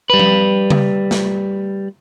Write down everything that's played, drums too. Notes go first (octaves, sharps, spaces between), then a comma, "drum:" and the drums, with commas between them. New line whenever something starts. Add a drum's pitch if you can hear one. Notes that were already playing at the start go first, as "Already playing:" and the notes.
G3 B4
drum: tom F3
drum: tom C#3
drum: snare